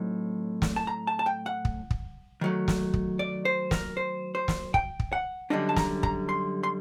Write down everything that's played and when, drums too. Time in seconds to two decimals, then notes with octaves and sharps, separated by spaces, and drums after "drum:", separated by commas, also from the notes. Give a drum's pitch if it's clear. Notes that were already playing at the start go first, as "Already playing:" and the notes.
Already playing: A2 F#3 C4 D#4
0.62 drum: snare
0.76 A5
0.87 A#5
1.07 A5
1.19 A5
1.26 G5
1.46 F#5
1.65 drum: kick
1.91 drum: kick
2.41 D#3 F#3 A3
2.68 drum: snare
2.94 drum: kick
3.19 D5
3.45 C5
3.71 A#4, drum: snare
3.97 C5
4.35 C5
4.48 drum: snare
4.74 G5, drum: kick
5.00 drum: kick
5.13 F#5
5.50 F#2 D3 G3 D4 D#5
5.69 A5
5.76 A#5, drum: snare
6.03 A#5, drum: kick
6.29 C6
6.63 C6